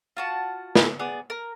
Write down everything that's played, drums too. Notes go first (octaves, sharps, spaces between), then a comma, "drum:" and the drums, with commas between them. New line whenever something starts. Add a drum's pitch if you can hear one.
F4 F#4 A5
drum: snare
B3 G#4 D5
A#4